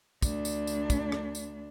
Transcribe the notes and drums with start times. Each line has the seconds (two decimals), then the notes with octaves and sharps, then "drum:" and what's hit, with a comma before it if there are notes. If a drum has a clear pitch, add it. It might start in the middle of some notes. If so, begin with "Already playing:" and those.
0.22 D2 D4, drum: kick, tambourine
0.45 drum: tambourine
0.67 drum: tambourine
0.90 drum: kick, tambourine
1.12 drum: rim click
1.35 drum: tambourine